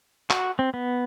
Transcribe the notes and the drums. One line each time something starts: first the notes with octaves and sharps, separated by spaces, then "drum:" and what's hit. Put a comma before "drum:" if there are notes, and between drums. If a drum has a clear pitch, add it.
F#4, drum: clap
C4
B3